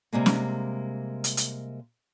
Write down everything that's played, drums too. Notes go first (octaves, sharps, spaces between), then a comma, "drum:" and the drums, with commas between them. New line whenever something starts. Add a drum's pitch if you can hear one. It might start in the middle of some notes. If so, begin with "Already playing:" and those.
C3 G3 G#3 A#3
drum: snare
drum: hi-hat
drum: hi-hat